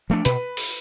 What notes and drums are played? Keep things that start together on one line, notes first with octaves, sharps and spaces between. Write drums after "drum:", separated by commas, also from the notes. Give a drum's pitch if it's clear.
F3 A3 D4
B2 B4, drum: hi-hat
drum: open hi-hat